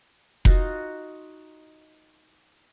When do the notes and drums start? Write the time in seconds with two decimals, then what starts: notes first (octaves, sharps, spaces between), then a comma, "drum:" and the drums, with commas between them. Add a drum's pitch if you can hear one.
0.45 D#4 F4 F#4, drum: kick F1